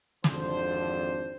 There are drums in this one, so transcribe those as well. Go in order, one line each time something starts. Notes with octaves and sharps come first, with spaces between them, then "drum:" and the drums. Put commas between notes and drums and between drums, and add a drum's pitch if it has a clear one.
G#1 F2 D3 D4 C5, drum: snare